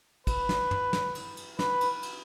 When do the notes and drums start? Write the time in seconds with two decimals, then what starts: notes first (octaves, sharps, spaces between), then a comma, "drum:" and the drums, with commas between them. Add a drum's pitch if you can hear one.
0.27 B4, drum: kick, cymbal
0.49 drum: snare
0.71 drum: tom
0.93 drum: snare
1.15 drum: cymbal
1.37 drum: cymbal
1.59 B4, drum: snare
1.81 drum: cymbal
2.03 drum: cymbal